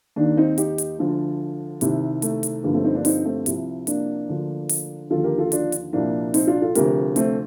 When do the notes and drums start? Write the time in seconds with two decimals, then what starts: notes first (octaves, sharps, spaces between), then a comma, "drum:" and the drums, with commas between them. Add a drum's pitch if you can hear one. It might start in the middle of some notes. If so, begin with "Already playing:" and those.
0.16 D#2 D#3 A#3 D4
0.37 C4 D#4
0.58 D#4 G4, drum: hi-hat
0.78 drum: hi-hat
0.99 D2 D3 F3
1.81 C2 C3 D#3, drum: hi-hat
2.22 A3, drum: hi-hat
2.43 drum: hi-hat
2.64 G2 D3 F3 A#3
2.74 A3 C4
2.84 C4 D#4
2.94 A#3 D4
3.05 C4 D#4, drum: open hi-hat
3.25 A3 C4
3.46 C2 C3 F3, drum: hi-hat
3.87 A#3 D4, drum: hi-hat
4.29 D2 D3 F3
4.69 drum: open hi-hat
5.10 D#2 D3 F3 F4 A4
5.24 G4 A#4
5.38 F4 A4
5.52 D4 F4, drum: hi-hat
5.72 drum: hi-hat
5.93 C2 A#2 F3 A#3 D4
6.34 C4 D#4, drum: open hi-hat
6.47 D4 F4
6.62 F4 A4
6.75 D2 C3 F3 G4 A#4, drum: hi-hat
7.16 A3 C4, drum: hi-hat